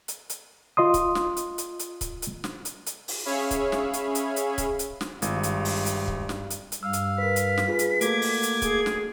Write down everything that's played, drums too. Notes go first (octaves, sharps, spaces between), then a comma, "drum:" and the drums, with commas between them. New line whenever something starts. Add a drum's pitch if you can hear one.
drum: hi-hat
drum: hi-hat
F4 D#5 C6 D#6
drum: kick, hi-hat
drum: snare
drum: hi-hat
drum: hi-hat
drum: hi-hat
drum: kick, hi-hat
drum: hi-hat
drum: snare
drum: hi-hat
drum: hi-hat
drum: open hi-hat
C#4 G#4 C#5 E5 F5 B5
drum: kick, hi-hat
drum: snare
drum: hi-hat
drum: hi-hat
drum: hi-hat
drum: kick, hi-hat
drum: hi-hat
drum: snare
G#1 G2 G#3 F4 F5, drum: hi-hat
drum: hi-hat
drum: open hi-hat
drum: hi-hat
drum: kick
drum: snare
drum: hi-hat
drum: hi-hat
G2 F5 E6
drum: hi-hat
A#4 B4 B6
drum: hi-hat
drum: snare
F4 G#4 B4
drum: hi-hat
A3 A#3 F#4 A4 D6 G#6, drum: hi-hat
drum: open hi-hat
drum: hi-hat
G#4, drum: kick, hi-hat
drum: snare